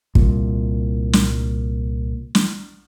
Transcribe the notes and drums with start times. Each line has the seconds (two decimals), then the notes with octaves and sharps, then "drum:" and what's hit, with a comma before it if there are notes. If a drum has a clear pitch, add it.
0.15 C2 A#2, drum: kick
1.13 drum: snare
2.35 drum: snare